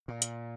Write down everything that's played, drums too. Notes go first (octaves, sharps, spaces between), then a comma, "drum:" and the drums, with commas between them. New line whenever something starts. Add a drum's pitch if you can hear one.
A#2
drum: hi-hat